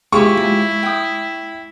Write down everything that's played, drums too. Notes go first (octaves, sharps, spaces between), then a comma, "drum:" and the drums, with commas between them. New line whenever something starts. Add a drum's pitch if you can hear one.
E4 F4 G4 G#4 C#6, drum: tom G#3
drum: tom G#3
G5 D#6